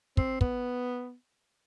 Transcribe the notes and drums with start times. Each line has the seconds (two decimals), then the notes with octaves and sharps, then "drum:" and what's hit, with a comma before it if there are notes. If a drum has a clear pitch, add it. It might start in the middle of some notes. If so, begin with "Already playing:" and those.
0.17 C4, drum: kick
0.41 B3, drum: kick